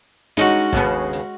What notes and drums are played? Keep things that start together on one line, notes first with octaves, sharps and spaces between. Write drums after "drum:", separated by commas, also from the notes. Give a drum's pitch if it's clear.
G#3 C#4 D#4 F#4, drum: hi-hat
D#2 C#3 B3, drum: kick
drum: hi-hat